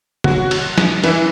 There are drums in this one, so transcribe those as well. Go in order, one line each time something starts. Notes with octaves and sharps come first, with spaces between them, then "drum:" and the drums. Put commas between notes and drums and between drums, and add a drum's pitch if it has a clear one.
F#3 F#4, drum: tom
drum: cymbal
drum: snare
E3 E4, drum: cymbal